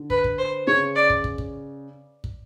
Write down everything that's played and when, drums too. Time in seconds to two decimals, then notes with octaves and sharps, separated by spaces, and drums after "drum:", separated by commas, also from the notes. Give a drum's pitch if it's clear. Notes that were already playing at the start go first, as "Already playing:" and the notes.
Already playing: D3
0.10 B4, drum: kick
0.24 drum: kick
0.38 C5
0.67 C#3 C#5
0.96 D5
1.10 drum: kick
1.24 drum: kick
1.38 drum: kick
2.24 drum: kick